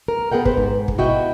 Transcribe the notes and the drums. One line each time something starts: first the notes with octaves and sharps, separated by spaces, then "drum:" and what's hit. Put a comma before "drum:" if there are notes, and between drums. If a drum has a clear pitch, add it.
A#4
B3 G#4 A#4 F#5 G5
B4 C5, drum: kick
G#2
drum: kick
B2 E4 F#4 D#5 G5